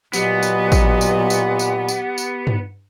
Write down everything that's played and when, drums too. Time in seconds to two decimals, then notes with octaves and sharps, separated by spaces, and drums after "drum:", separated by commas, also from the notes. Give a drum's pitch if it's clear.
0.13 A#2 F#3 B3 G4 D#5, drum: tambourine
0.43 drum: tambourine
0.72 drum: kick A1, tambourine
1.01 drum: tambourine
1.30 drum: tambourine
1.59 drum: tambourine
1.89 drum: tambourine
2.18 drum: tambourine
2.47 drum: tom G2